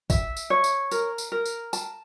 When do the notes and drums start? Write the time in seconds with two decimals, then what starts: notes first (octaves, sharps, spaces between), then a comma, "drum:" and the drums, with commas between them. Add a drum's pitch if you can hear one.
0.10 E5, drum: kick, tambourine
0.37 drum: tambourine
0.50 C#5
0.64 drum: tambourine
0.91 A#4, drum: tambourine
1.18 drum: tambourine
1.32 A#4
1.46 drum: tambourine
1.73 A5, drum: tambourine